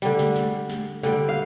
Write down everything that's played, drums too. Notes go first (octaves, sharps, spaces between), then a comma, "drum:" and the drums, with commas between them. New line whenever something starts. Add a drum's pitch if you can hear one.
D3 G3, drum: hi-hat
drum: snare
drum: snare
drum: snare
D3 G3 G5, drum: snare
F5